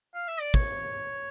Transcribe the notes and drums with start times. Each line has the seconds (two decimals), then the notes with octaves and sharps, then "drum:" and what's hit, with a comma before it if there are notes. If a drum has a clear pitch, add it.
0.14 F5
0.28 E5
0.41 D5
0.54 C#5, drum: kick